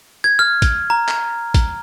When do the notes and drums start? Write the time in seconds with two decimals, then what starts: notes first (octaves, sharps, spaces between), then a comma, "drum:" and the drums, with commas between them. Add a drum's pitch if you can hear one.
0.24 G#6
0.39 F6
0.62 drum: kick, hi-hat
0.90 A#5
1.08 drum: clap
1.54 drum: kick, hi-hat